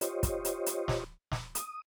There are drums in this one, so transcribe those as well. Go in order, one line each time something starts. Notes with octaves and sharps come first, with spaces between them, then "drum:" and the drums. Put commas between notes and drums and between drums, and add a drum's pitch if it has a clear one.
F4 G4 C5 C#5 D#5, drum: hi-hat
drum: kick, hi-hat
drum: hi-hat
drum: hi-hat
drum: snare
drum: snare
D#6, drum: hi-hat